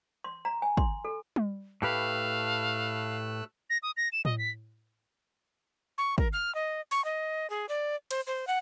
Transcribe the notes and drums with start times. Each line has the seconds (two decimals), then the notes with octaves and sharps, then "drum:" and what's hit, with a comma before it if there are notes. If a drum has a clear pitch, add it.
0.24 C6
0.45 A#5
0.62 G#5
0.77 C6, drum: kick
1.05 A4
1.36 drum: tom G3
1.82 A2 A3 G4 B4 F5 E6 F#6
3.70 A#6
3.83 D#6
3.97 A#6
4.12 E7
4.25 D#5, drum: tom A2
4.38 B6
5.98 C#6
6.18 A#4, drum: kick
6.33 F6
6.55 D#5
6.91 C#6, drum: open hi-hat
7.05 D#5
7.50 G#4
7.69 D5
8.11 C5, drum: cymbal
8.27 C5
8.47 F#5